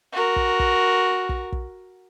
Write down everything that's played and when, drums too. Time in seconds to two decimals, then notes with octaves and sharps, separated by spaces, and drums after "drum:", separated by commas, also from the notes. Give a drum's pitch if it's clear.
0.13 F#4 A#4
0.36 drum: kick
0.59 drum: kick
1.29 drum: kick
1.52 drum: kick